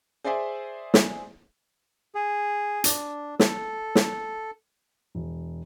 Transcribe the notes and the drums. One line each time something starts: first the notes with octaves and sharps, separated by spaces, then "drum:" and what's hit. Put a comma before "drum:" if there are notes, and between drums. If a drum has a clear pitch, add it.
G#4 C5 D5 E5 G#5
drum: snare
G#4
D4, drum: hi-hat
A4, drum: snare
drum: snare
E1